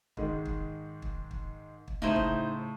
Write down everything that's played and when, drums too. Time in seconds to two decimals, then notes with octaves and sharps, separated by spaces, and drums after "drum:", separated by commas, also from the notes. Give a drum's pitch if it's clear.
0.17 G#2 D#3 G#3, drum: kick
0.45 drum: kick
1.02 drum: kick
1.31 drum: kick
1.88 drum: kick
2.02 A2 C#3 D#4 E4 C5
2.16 drum: kick